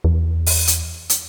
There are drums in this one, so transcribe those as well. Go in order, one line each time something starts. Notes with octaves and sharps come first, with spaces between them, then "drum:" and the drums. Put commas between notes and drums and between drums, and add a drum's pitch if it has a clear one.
E2
drum: open hi-hat
drum: hi-hat
drum: hi-hat